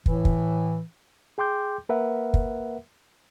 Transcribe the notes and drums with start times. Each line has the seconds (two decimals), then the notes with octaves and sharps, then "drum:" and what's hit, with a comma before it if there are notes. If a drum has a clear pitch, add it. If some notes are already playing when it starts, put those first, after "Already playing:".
0.06 A2 E3, drum: kick
0.25 drum: kick
1.38 G#4 G5 C6 D6 G6
1.89 A#3 A#4 B4 E5 F#5
2.34 drum: kick